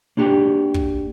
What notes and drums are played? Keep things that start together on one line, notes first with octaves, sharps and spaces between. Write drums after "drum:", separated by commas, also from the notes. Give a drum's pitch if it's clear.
A#3 D4 F#4 G4
drum: kick